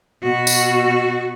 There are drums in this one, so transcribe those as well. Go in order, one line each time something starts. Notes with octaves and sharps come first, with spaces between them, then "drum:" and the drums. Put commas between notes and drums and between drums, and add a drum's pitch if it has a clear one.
B2 F#4
drum: tambourine